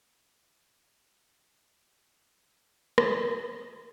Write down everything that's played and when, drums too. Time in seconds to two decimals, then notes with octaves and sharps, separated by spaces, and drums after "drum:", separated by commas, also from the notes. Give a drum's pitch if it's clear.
0.04 G2 D#3 G3 A4
0.32 G2 D#3 G3
0.62 B2 F#3 A#3
0.72 G#4
0.81 A4
0.90 B2 F#3 A#3 A#4
1.20 C3 D#3 G3 C4
1.48 C3 D#3 G3 C4 A4
1.78 A2 E3 G#3 C4
2.07 A2 E3 G#3 C4
2.27 C#5
2.98 drum: rim click